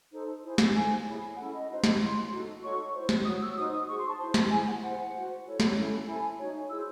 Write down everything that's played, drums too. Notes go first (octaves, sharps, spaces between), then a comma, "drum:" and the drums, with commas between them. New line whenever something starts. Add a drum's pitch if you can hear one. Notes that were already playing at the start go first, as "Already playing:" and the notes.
D#4 A4 C5
E4 G#4 C5
drum: snare
D#4 A4 C5 G#5
E4 G#4 C#5
C#4 E4 A4 F#5
D#5
D#4 F#4 C5
drum: snare
C#4 E4 C5 C6
D#4 F#4 A4
D#4 F#4 A4 C#5 C#6
E4 C5
drum: snare
F#4 C#5 D#6
E6
D#4 F#4 C5 D#6
D#6
D#4 G#4 C5 C#6
C6
A5
E4 C5 C6
drum: snare
E4 G#4 C5 G#5
F#5
E4 C5 F#5
F#4 C5
E4 A4 C#5
drum: snare
C#4 E4 A4
E4 A4 C5 G#5
D#4 F#4 C#5
E4 G#4 C5 E6